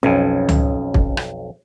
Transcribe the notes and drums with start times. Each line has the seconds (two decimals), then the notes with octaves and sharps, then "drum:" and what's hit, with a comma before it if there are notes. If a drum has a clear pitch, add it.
0.03 B1 F2 C#4
0.49 drum: tom C#2
0.94 drum: kick
1.17 drum: rim click